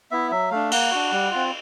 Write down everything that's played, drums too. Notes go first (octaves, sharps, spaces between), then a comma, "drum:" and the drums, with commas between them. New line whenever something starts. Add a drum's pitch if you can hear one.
B3 E4 E5
F#3 E5
A3 D4 F5
A#3 F#5, drum: cymbal
D4 F#4
G3
C4 F4